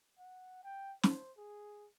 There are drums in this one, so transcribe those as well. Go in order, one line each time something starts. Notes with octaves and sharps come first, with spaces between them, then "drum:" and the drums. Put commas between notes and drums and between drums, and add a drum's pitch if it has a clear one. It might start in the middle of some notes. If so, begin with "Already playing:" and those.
F#5
G5
C5, drum: snare
G#4